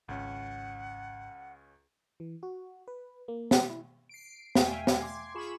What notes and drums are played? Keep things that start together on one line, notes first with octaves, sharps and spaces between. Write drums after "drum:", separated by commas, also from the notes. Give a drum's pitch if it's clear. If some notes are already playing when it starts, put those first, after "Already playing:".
G#1 C#2 C#4 F#5
E3
F#4
B4
A#3
C#4, drum: snare
E4
C7 D7
E2 A3 E5 F5 G5 G#5, drum: snare
drum: snare
C6 D6 G#6 C7
F4 G#4 B5 C#6 E7